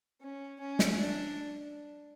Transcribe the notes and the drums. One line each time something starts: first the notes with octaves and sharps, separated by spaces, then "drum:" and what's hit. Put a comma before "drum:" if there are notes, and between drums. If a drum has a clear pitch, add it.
C#4
C#4
drum: snare
D4